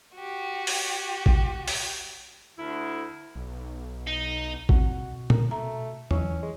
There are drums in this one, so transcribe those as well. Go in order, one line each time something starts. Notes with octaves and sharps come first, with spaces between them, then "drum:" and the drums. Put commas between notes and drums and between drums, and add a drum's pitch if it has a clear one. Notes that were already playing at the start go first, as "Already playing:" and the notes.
F#4 G4
drum: open hi-hat
drum: kick
drum: open hi-hat
D2 E4
B1
D#4
B2 C4 F#4, drum: kick
A#4, drum: tom A#2
A3 A#5
E3 F#3 C#4 E4, drum: tom E2
G#3